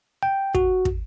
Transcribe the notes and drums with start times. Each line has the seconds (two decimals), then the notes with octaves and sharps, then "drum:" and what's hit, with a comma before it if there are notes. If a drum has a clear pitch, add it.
0.23 G5
0.55 F#4, drum: kick
0.85 drum: kick